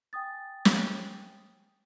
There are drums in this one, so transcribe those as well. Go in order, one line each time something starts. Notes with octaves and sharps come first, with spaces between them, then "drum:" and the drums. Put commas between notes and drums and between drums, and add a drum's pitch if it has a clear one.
G5 G#5 D#6 A6
drum: snare